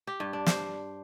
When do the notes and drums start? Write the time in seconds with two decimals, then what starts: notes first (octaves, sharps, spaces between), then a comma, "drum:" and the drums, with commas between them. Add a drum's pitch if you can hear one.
0.07 G4
0.20 G2
0.33 D4
0.46 C5, drum: snare